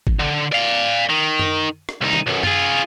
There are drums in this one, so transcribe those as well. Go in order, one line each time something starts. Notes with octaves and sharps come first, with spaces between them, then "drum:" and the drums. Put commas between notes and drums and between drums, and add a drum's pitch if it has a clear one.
drum: kick
D3
D5 F5
D#3
drum: tom F#2
drum: rim click
C2 D#4
drum: tom D#3
B1 F#2
F4 G#4, drum: tom F#2